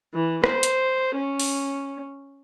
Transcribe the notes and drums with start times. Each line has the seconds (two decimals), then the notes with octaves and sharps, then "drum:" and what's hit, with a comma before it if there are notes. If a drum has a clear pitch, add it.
0.14 E3
0.44 C5, drum: rim click
0.63 drum: hi-hat
1.16 C#4
1.40 drum: open hi-hat